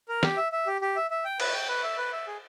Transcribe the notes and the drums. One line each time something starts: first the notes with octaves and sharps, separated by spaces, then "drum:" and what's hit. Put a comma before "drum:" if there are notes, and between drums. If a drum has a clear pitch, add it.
A#4
G4, drum: snare
E5
E5
G4
G4
E5
E5
G5
B4, drum: cymbal
G5
B4
E5
B4
E5
G#4